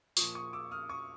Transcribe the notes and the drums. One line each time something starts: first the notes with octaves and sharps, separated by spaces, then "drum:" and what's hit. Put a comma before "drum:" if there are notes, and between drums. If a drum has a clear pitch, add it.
A#2 F3 C#6 D#6, drum: open hi-hat
C#6 D#6
D6 E6
D#6 F6
C#6 D#6